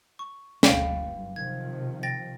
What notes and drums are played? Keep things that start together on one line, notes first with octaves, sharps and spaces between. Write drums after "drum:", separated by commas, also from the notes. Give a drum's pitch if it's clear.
C#6
F#1 D2 F5 G5 B5, drum: snare
G2
C3 D#3 F3 G#6
G5 A6 A#6